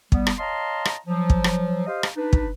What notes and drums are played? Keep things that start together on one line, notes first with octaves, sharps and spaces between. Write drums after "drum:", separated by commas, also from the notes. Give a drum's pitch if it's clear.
G3 B3, drum: kick
drum: rim click
C#5 D#5 F5 A5 A#5 C6
drum: rim click
F3 F#3
drum: kick
drum: rim click
G4 C5 D#5 F5
drum: rim click
D4 D#4 B4
drum: kick